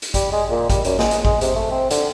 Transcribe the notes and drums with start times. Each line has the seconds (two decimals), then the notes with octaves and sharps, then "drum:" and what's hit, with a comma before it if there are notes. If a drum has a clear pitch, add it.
0.02 drum: hi-hat
0.14 G3, drum: kick G#1, hi-hat
0.32 G#3
0.50 A#2
0.70 G3, drum: kick G#1, hi-hat
0.85 F#2, drum: hi-hat
0.99 G#3, drum: snare
1.11 drum: hi-hat
1.25 G#3, drum: kick G#1
1.41 C3, drum: hi-hat
1.56 A3
1.71 C4
1.90 D3, drum: hi-hat